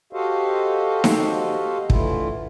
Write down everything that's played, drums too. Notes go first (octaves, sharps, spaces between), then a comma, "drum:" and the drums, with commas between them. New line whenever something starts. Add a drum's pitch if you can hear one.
F#4 G4 A4 C5 D#5 F5
drum: snare D#4
D3 E3 A3 E4 F4, drum: kick